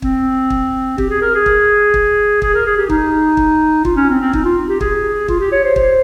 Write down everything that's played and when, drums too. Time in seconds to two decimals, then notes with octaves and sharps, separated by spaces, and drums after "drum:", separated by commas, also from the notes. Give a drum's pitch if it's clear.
0.02 C4, drum: kick
0.50 drum: kick
0.98 G4, drum: kick
1.10 G#4
1.21 A#4
1.35 G#4
1.46 drum: kick
1.94 drum: kick
2.42 G#4, drum: kick
2.54 A#4
2.66 G#4
2.77 G4
2.90 D#4, drum: kick
3.37 drum: kick
3.85 F4, drum: kick
3.96 C#4
4.09 C4
4.21 C4
4.33 D#4, drum: kick
4.45 F4
4.69 G4
4.81 G#4, drum: kick
5.28 F4, drum: kick
5.40 G4
5.52 C#5
5.64 C5
5.76 C5, drum: kick